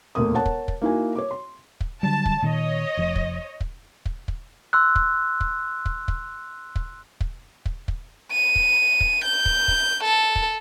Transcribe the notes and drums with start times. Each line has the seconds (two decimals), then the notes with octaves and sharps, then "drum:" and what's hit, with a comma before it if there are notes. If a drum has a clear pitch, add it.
0.15 E1 D2 A#2 A#3 D#6
0.35 A#4 C#5 F#5 A5
0.46 drum: kick
0.68 drum: kick
0.82 A#3 D#4 E4 F#4 G#5
1.15 C#5 D6
1.31 C6
1.81 drum: kick
2.03 D3 F#3 G3 A5
2.26 drum: kick
2.42 A#2 D#3 C#5 D#5
2.97 F1 F3
3.16 drum: kick
3.61 drum: kick
4.06 drum: kick
4.28 drum: kick
4.73 C6 E6 F#6
4.96 drum: kick
5.41 drum: kick
5.86 drum: kick
6.08 drum: kick
6.76 drum: kick
7.21 drum: kick
7.66 drum: kick
7.88 drum: kick
8.32 D#7
8.56 drum: kick
9.01 drum: kick
9.24 G6
9.46 drum: kick
9.68 drum: kick
10.04 A4
10.36 drum: kick